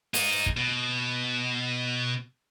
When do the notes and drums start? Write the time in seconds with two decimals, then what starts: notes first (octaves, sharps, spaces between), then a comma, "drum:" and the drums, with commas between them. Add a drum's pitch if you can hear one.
0.14 D#4 G#4, drum: open hi-hat
0.46 drum: kick
0.57 B2